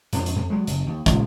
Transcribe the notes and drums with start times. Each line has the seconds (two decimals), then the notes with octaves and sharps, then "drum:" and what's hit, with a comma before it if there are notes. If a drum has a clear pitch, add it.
0.13 F2 F3 D4, drum: hi-hat
0.26 drum: hi-hat
0.36 F2
0.50 F#3 G#3
0.67 F#1, drum: hi-hat
0.86 D#2
1.06 D#1 C#2 F3, drum: kick, hi-hat